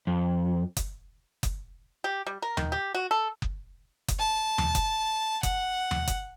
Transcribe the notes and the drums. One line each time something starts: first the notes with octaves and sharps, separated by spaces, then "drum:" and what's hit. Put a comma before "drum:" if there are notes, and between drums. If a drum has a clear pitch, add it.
F2
drum: kick F#1, hi-hat
drum: kick F#1, hi-hat
G4
G3
A#4
D#3, drum: tom D#2
G4
F#4
A4
drum: kick F#1
drum: kick F#1, hi-hat
A5
drum: tom D#2
drum: kick F#1, hi-hat
F#5, drum: kick F#1, hi-hat
drum: tom D#2
drum: kick F#1, hi-hat